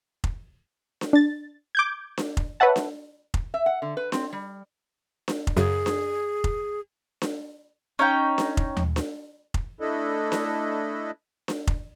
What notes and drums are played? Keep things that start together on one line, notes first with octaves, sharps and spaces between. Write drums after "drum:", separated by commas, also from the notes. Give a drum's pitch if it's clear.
drum: kick F1
drum: snare D4
D4 A6
D6 G6 G#6
drum: snare D4
drum: kick F1
B4 C#5 E5 F#5 A5
drum: snare D4
drum: kick F1
E5
F#5
D3
B4
C4, drum: snare D4
G3
drum: snare D4
drum: kick F1
F#2 C#3 G#4
drum: snare D4
drum: kick F1
drum: snare D4
C#4 D#4 G5
drum: snare D4
drum: kick F1
drum: tom D#2
drum: snare D4
drum: kick F1
A3 D4 E4 A4 D#5
drum: snare D4
drum: snare D4
drum: kick F1